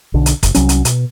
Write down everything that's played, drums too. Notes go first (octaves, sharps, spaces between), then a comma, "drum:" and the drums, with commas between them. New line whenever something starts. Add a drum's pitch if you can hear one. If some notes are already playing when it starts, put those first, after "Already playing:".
B1 D3
drum: hi-hat
F#1, drum: kick, hi-hat
C2 F#3 C#4, drum: hi-hat
drum: hi-hat
B2, drum: hi-hat